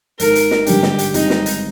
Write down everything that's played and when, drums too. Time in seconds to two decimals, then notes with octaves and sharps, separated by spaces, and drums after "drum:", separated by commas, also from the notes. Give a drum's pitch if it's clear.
0.20 G#1 G#2 D#3 A#4, drum: hi-hat
0.35 drum: hi-hat
0.51 drum: snare
0.67 G#1 G2 D3 G#3 D4 G4, drum: hi-hat
0.83 drum: snare
0.99 drum: hi-hat
1.14 G#1 G#2 G3 C4 D#4 F4, drum: hi-hat
1.30 drum: snare
1.46 drum: hi-hat